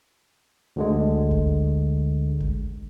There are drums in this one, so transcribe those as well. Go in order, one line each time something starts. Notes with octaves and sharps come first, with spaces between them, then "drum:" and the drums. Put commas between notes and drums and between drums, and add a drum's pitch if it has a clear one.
D2 D3 G#3
drum: kick G#1
drum: kick G#1